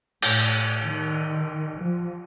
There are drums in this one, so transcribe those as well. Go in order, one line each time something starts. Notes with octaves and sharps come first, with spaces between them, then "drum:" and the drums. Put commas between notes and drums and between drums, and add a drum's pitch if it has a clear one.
A2, drum: cymbal
D#3
F3